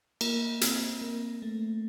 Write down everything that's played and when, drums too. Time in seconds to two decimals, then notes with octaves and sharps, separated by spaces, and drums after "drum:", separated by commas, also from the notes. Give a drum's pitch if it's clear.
0.21 A#3, drum: cymbal
0.61 C4, drum: hi-hat
1.01 A#3
1.42 A3